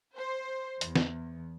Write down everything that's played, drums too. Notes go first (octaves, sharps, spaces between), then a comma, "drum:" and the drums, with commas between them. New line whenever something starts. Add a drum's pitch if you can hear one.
C5
E2, drum: hi-hat
drum: snare